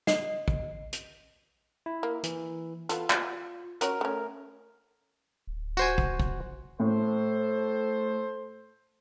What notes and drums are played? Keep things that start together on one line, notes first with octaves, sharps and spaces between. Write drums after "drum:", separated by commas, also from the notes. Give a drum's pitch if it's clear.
D#5 C7, drum: snare
drum: kick
drum: hi-hat
E4
A#3
E3, drum: hi-hat
B3 F4 A4, drum: hi-hat
drum: clap
C#4 F#4 A#4 C#5, drum: hi-hat
A3 C#4
D1
F#4 C5 G#5, drum: tambourine
drum: kick
drum: kick
A2 A4 C5